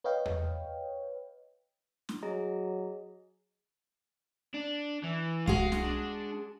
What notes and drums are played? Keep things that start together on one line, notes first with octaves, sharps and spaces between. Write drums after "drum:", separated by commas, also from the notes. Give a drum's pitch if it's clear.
B4 C#5 D#5 F5 G5
drum: tom E2
drum: snare
F#3 G#4 D#5 A#5
D4
E3
G#3 F#4 G#4 F5, drum: kick C2
drum: snare
D4